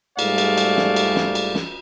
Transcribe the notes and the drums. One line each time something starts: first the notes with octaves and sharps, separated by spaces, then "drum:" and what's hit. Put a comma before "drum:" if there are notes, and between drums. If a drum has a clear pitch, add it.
G#2 G3 A3 G#4 D5 F5, drum: cymbal
drum: cymbal
drum: cymbal
drum: snare
drum: cymbal
drum: snare
drum: cymbal
drum: snare